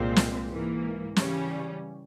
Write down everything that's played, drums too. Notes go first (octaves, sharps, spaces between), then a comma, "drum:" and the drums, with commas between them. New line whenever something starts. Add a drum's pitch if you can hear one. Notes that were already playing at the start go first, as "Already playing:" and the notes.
Already playing: C2 A#2 G#3 C4
drum: snare
G#2 E3 A#3
C#3 E3 G3 C#4, drum: snare